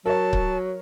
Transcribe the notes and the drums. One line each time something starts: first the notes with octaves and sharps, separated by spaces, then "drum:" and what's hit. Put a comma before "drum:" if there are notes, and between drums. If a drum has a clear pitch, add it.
F#3 A#4 C#5 A5
drum: kick C#1